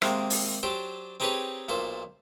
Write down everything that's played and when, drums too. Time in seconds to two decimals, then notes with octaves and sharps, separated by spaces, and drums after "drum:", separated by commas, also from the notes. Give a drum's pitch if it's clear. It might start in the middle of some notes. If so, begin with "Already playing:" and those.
0.02 C3 D#3 G#3 A#3 C4, drum: rim click
0.30 drum: open hi-hat
0.63 F#3 D4 G4 A4 C5
1.20 C4 D#4 G4 G#4 B4 C#5
1.69 B1 A#2 A4 C5